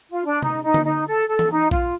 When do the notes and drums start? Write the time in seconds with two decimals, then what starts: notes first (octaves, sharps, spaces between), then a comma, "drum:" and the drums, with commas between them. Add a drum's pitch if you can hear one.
0.10 F4
0.26 D4
0.42 D#4, drum: tom C3
0.64 D#4
0.74 drum: tom D3
0.85 D#4
1.07 A4
1.28 A4
1.39 drum: tom E3
1.50 D#4
1.71 F4, drum: kick A#1